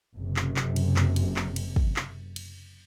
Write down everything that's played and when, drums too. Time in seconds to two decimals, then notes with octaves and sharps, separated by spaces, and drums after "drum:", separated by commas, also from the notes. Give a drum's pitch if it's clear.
0.16 F#1 F#2 C3
0.36 drum: clap
0.56 drum: clap
0.76 drum: cymbal
0.96 drum: clap
1.16 drum: cymbal
1.36 drum: clap
1.56 drum: cymbal
1.76 drum: kick
1.96 drum: clap
2.36 drum: cymbal